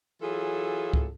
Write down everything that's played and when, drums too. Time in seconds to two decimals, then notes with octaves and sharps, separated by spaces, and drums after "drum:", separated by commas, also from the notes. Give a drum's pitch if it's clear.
0.22 E3 F#3 F4 G#4 A4
0.94 drum: kick C#2